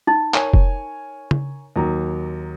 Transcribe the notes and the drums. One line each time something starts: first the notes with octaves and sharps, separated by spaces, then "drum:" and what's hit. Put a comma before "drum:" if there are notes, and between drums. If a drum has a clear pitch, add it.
D#4
A#4 C#5 G#5, drum: clap
drum: kick F1
drum: tom
D#2 F#3 A#5